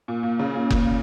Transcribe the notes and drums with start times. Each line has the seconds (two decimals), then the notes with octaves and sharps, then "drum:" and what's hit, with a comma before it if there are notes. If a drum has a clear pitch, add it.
0.08 A#2
0.23 A#2
0.39 C#3
0.55 A#2
0.70 A#2, drum: kick F#1